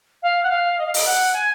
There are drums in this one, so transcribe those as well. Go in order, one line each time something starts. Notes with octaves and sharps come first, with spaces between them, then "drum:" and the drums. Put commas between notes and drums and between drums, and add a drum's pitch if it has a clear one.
F5
F#5
F5
D#5
F5
D#5, drum: open hi-hat
F#5
G#5